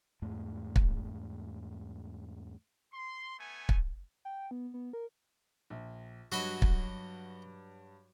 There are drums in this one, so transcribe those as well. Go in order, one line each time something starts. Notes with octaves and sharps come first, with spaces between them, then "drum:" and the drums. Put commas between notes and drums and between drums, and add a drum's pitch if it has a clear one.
E2 G#2 A3
drum: kick
C6
A3 B3 G#5
drum: kick
G5
B3
B3
A#4
A#1
G2 F#3 F#4 D#5 B5
drum: kick